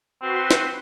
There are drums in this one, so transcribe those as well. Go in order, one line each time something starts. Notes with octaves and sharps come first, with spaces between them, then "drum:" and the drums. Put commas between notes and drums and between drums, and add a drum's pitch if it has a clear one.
C4 F#4 B4 C6
drum: snare